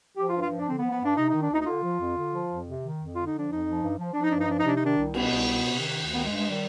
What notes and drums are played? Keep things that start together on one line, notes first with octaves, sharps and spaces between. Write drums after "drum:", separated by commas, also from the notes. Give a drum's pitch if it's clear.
F3 G4
F4
G2
F4
F3
D4
D3 C4
B3
F3
B3
G2 D4
C3 D#4
D#3 D#4
D4
D2 D#4
D#4
D3 F4
F3
F2
D3
F3
F2
C3
D#3
F2
D3 F4
D#4
F3
D4
F2 D#4
F3
G2
F3
F3 D4
D#4
G2 D4
D#4
F3 D4
D#4
C3 D4
D#3 D#4
D4
C2
B2 B3, drum: cymbal
C2
B2
C3
D#3
D2
D#3 B3
G#3
G2
G#3
D#3 G3